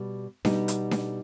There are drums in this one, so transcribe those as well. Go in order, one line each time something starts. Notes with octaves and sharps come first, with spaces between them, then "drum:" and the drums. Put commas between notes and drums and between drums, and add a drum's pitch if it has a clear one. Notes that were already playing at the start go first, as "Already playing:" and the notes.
Already playing: B2 G3 B3
B2 G3 B3 D#4, drum: snare D4
drum: hi-hat
drum: snare D4